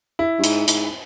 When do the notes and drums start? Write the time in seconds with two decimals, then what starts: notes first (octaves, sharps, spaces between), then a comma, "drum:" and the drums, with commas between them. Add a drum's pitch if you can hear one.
0.19 E4
0.39 G2
0.44 G#2, drum: hi-hat
0.68 G#2, drum: hi-hat